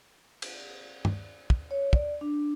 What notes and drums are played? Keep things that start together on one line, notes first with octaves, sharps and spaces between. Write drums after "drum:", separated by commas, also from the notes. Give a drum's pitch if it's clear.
drum: cymbal
drum: tom
drum: kick
C#5
D5, drum: kick
D4